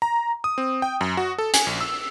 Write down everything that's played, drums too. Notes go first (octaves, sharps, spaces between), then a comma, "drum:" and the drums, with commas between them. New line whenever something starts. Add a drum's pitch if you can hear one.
A#5
D#6
C4
G5
F#2
F#4
A4
G#5, drum: hi-hat
A#1
E6